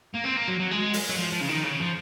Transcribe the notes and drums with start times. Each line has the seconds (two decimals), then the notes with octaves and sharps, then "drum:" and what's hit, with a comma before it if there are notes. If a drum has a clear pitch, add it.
0.14 A#3
0.24 C4
0.36 A#3
0.48 F#3
0.60 F#3
0.71 G#3
0.93 drum: open hi-hat
1.10 F#3
1.17 F3
1.32 F3
1.41 C#3
1.49 D#3
1.64 C#3
1.80 F3